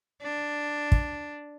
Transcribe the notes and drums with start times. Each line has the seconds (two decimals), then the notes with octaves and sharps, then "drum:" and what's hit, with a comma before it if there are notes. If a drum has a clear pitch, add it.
0.22 D4
0.92 drum: kick